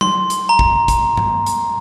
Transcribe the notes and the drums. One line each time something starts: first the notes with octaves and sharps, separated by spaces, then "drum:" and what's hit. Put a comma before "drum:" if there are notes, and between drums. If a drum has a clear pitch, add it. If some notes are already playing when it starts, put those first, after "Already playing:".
C6, drum: tom F#3
drum: hi-hat
A#5
drum: kick G#1
drum: kick G#1, hi-hat
drum: tom G2
drum: hi-hat